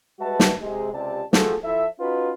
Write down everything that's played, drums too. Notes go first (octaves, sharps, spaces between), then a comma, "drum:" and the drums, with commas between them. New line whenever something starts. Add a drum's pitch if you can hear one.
G3 G#3 F#4 B4 E5 A5
drum: snare
C3 G#3
C#2 C3 G4 D5 A5
F3 A3 F#4 G#4 A4, drum: snare
F3 E4 A4 E5
C#4 D#4 F4 F#4 B4